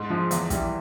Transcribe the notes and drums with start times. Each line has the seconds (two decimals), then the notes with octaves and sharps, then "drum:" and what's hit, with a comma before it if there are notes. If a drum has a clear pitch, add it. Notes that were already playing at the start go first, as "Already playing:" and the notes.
Already playing: G#2
0.10 F3 G#3
0.31 E2, drum: hi-hat
0.50 E3 G3, drum: kick, hi-hat